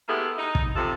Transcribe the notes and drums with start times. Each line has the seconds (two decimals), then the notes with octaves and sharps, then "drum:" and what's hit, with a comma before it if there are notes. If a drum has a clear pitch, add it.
0.08 G#3 A#3 B3 E4 G4 A4
0.38 D#4
0.55 drum: kick
0.76 C3 F3 A4